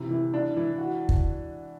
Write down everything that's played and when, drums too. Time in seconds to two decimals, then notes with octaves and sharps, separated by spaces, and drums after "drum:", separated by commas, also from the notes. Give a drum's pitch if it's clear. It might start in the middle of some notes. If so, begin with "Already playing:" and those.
Already playing: C3 E3
0.10 E3
0.34 D4
0.56 E3
0.78 F#4
1.09 drum: kick